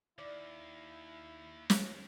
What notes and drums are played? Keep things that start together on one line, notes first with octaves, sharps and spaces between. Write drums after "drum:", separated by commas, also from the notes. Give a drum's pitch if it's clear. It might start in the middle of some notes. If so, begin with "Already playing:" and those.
D#2 E4 D5
drum: snare